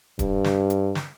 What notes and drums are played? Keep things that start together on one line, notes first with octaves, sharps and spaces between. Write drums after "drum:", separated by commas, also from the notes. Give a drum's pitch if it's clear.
G2, drum: kick D#1, hi-hat
drum: snare
drum: hi-hat
drum: snare